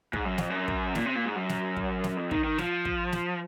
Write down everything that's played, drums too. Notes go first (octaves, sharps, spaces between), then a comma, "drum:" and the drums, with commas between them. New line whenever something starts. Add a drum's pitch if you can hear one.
G#2, drum: kick
F#2
F2, drum: snare
F#2
drum: kick
A#2, drum: snare
C3
A#2
G#2
F#2
drum: snare
drum: kick
drum: snare
F2
D#3, drum: kick
D#3
F3, drum: snare
drum: kick
drum: snare